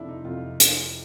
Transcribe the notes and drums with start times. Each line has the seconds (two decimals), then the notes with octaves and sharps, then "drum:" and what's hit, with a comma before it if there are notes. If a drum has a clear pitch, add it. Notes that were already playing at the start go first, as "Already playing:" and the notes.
Already playing: F2 C3 F3 D4 E4
0.09 D#4
0.25 F2 C3 F3 F4
0.60 drum: hi-hat